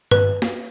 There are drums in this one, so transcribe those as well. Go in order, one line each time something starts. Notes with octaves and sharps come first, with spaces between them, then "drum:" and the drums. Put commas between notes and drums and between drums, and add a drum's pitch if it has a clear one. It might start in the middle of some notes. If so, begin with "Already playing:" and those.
B4, drum: tom G2
drum: snare